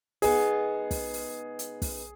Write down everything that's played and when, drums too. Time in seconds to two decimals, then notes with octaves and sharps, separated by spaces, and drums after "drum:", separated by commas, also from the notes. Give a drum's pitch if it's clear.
0.22 C#3 G#3 B3 D#4 G#4, drum: open hi-hat
0.91 drum: kick, open hi-hat
1.13 drum: open hi-hat
1.59 drum: hi-hat
1.82 drum: kick, open hi-hat